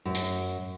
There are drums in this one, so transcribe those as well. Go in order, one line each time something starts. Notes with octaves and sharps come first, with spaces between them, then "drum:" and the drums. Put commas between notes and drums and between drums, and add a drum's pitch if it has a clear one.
F#2
drum: hi-hat